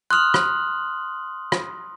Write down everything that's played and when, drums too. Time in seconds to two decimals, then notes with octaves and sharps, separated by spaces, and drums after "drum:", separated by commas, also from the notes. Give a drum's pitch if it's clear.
0.10 C6 D#6 F6 F#6 F#7
0.34 drum: rim click
1.52 drum: rim click